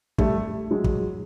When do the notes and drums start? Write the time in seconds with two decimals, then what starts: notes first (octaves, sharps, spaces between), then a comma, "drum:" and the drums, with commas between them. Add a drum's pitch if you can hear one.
0.18 G3 A3, drum: kick
0.71 F#3 G#3
0.84 drum: kick